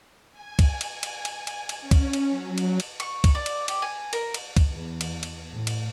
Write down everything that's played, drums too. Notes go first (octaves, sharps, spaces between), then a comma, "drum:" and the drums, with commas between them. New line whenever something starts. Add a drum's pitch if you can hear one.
G#5
drum: kick, cymbal
drum: cymbal
G#5
drum: cymbal
drum: cymbal
drum: cymbal
drum: cymbal
C#4
drum: kick, cymbal
drum: cymbal
F#3
drum: cymbal
drum: cymbal
C#6, drum: cymbal
drum: kick, cymbal
D5
drum: cymbal
G4, drum: cymbal
G#5
A#4, drum: cymbal
drum: cymbal
drum: kick, cymbal
E2
drum: cymbal
drum: cymbal
A2
drum: cymbal